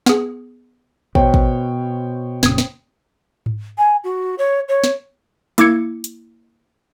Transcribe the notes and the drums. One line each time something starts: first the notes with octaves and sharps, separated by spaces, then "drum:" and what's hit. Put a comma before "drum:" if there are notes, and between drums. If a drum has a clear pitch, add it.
B3 G#4, drum: snare
B2 C5 C#5 G5, drum: kick
drum: kick
F1 A#2 C#3 D#6 G#6, drum: snare
drum: snare
drum: tom G#2
G#5
F#4
C#5
C#5
drum: snare
A#3 E4 D6 E6 G#6 C#7, drum: hi-hat
drum: hi-hat